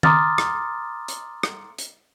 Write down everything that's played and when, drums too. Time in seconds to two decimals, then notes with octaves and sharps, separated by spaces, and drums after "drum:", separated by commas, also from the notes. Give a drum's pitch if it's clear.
0.03 A#5 C6 D6 D#6 F6 A6, drum: tom D#3
0.38 drum: rim click
1.08 drum: hi-hat
1.43 drum: rim click
1.78 drum: hi-hat